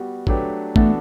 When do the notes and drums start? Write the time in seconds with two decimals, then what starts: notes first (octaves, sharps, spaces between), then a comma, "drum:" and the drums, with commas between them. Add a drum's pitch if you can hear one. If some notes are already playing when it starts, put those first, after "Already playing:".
Already playing: G3 B3 F#4
0.27 F#3 A3 D4 G4 B4, drum: kick
0.76 E3 A3 B3 D4 F#4 A4, drum: kick